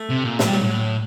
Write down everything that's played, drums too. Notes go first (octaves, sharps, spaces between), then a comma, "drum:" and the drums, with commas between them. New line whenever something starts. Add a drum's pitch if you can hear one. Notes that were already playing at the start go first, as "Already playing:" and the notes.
Already playing: A3
C3
A#2
A2 F#3, drum: snare
G3
A#2 F#3
A2